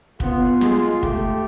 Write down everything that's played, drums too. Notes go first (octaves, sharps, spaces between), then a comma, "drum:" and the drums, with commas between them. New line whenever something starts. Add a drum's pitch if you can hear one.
B3 F4, drum: kick
G#3, drum: snare
A3 G4, drum: kick